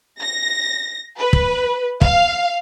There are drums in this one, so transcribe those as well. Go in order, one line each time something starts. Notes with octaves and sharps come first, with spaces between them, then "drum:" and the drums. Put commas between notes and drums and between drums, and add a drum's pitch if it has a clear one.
A#6
B4
drum: kick
F5, drum: kick